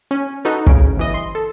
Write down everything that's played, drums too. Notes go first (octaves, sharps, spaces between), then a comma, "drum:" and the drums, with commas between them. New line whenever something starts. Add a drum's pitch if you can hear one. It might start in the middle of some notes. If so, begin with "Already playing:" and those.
C#4
D#4 F#4 A4 B4
A1 D2 C#3 C#4 D7, drum: kick
G1 E3 D#5
C6
A4